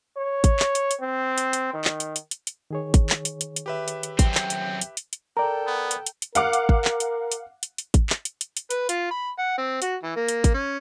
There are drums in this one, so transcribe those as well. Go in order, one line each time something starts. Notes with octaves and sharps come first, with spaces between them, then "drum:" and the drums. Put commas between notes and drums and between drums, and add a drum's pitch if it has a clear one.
C#5
drum: kick G#1, hi-hat
drum: clap
drum: hi-hat
drum: hi-hat
C4
drum: hi-hat
drum: hi-hat
D#3
drum: clap
drum: hi-hat
drum: hi-hat
drum: hi-hat
drum: hi-hat
D#3 G#4 C#5
drum: kick G#1, hi-hat
drum: clap
drum: hi-hat
drum: hi-hat
drum: hi-hat
G4 B4 E5
drum: hi-hat
drum: hi-hat
F#2 C4 G5, drum: kick G#1, hi-hat
drum: clap
drum: hi-hat
drum: hi-hat
drum: hi-hat
drum: hi-hat
A4 A#4 D5 G5 A#5
B3
drum: hi-hat
drum: hi-hat
drum: hi-hat
A#4 F5 F#5 D6, drum: hi-hat
drum: hi-hat
drum: kick G#1
drum: clap
drum: hi-hat
drum: hi-hat
drum: hi-hat
drum: hi-hat
drum: kick G#1, hi-hat
drum: clap
drum: hi-hat
drum: hi-hat
drum: hi-hat
B4, drum: hi-hat
F4, drum: hi-hat
B5
F#5
C4
F#4, drum: hi-hat
E3
A#3
drum: hi-hat
drum: kick G#1, hi-hat
C#4